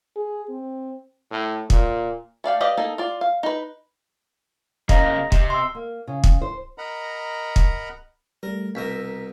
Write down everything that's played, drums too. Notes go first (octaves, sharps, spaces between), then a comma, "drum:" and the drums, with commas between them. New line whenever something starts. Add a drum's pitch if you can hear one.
G#4
C4
A2
A#2, drum: kick
A3 D5 F5 G5
G4 B4 D5 D#5 F5
A#3 D#4 A4
F4 D5
F5
D#4 B4
C#3 A#3 D#5 A#5 A#6, drum: kick
C3 D#5, drum: kick
C6 E6
A#3
C#3
drum: kick
C5
A#4 D#5 F#5 A#5 B5
drum: kick
G3 A3 A#4
C2 B2 A#4 A#5 E6 B6